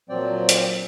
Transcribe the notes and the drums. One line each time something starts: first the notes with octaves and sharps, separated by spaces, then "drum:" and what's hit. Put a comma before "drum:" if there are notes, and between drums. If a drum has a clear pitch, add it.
A#2 F3 F#3 C4 D5 G5
drum: hi-hat